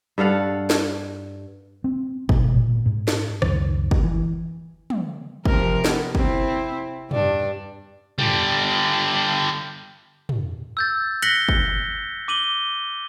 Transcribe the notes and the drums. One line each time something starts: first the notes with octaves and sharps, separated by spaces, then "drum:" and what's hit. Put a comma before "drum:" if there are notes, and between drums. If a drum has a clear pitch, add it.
G2 A4 F5 F#5
drum: snare
C4
G#2 B2 G#3, drum: kick
A#2
G#2
drum: snare
C#2 F#2 D#3, drum: rim click
drum: kick
E3
drum: tom
C3 F3 A#4, drum: kick
B3, drum: snare
C4 E4, drum: kick
G2 D4, drum: tom
D3 G3, drum: tom
drum: tom
E6 G6 A6
F#6 A#6 B6 C#7 F#7 G7, drum: hi-hat
drum: kick
D6 D#7 F#7 G7